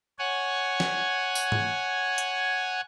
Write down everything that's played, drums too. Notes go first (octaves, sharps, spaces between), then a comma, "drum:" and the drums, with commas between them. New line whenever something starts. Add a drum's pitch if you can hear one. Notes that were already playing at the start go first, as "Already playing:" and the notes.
C#5 F#5 G#5
drum: snare
drum: tambourine
drum: tom G#2
drum: hi-hat